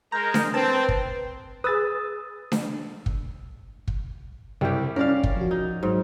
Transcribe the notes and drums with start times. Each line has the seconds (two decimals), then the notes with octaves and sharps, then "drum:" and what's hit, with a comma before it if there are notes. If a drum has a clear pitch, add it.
0.12 G#3 A#4 A#5 G6
0.34 drum: snare D4
0.54 C4 B4 A5
0.88 drum: kick
1.64 G#4 B4 D#6 E6 A6
2.52 drum: snare D4
3.06 drum: kick
3.88 drum: kick
4.61 C2 G3 G4
4.96 C#4 A#4 D5 F5
5.23 drum: kick
5.36 F3 F#4
5.51 D#4
5.83 G#2 F#3